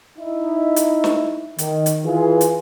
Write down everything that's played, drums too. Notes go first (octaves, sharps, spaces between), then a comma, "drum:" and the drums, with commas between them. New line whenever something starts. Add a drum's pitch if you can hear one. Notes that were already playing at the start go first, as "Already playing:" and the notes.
D#4 E4 E5
drum: hi-hat
drum: snare
D#3, drum: hi-hat
drum: hi-hat
E3 F4 G#4
drum: hi-hat